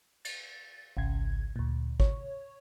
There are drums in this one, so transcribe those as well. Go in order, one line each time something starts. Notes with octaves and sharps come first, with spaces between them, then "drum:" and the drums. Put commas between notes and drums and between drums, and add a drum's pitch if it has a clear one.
A6, drum: cymbal
G#1 C#2 C#3 G#6
D2 A#2
C#5, drum: kick G#1